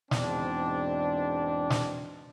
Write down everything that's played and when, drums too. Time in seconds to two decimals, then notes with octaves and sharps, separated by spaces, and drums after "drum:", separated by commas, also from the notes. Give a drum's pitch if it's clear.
0.11 E2 G#2 B2 C4 D4, drum: snare
1.70 drum: snare